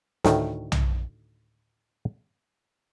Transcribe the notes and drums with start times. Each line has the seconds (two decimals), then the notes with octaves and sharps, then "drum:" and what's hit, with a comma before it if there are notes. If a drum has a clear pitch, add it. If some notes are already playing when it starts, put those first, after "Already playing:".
0.24 D2 A2 D#3, drum: snare
0.72 drum: tom B1